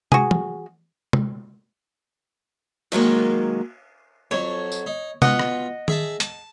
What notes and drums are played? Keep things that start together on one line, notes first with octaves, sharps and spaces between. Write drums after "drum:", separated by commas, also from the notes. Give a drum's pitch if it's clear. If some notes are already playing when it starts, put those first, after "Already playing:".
F#4 G#4, drum: tom
drum: tom
drum: tom
D#3 F#3 G#3 A#3, drum: cymbal
F2 F#3 C#5
drum: tambourine
D#4
B2 F4 D#5 F#5, drum: tom
drum: rim click
G#4 E5 A5, drum: tom D#3
A5, drum: hi-hat